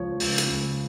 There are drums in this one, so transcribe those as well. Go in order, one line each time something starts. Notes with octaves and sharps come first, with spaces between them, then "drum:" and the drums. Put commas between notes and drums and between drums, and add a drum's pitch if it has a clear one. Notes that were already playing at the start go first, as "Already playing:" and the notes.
Already playing: C#2 F3 C#5
C#2, drum: open hi-hat
drum: hi-hat
C#2